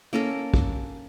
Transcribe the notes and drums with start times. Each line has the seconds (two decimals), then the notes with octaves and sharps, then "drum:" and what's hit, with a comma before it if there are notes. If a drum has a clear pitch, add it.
0.13 A#3 C#4 A4 A#4
0.54 drum: kick